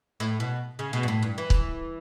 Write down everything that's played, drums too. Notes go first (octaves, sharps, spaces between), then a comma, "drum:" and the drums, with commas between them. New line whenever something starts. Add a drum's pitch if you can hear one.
A2
B2
C#3
B2
G2
A2
G2
E3
drum: kick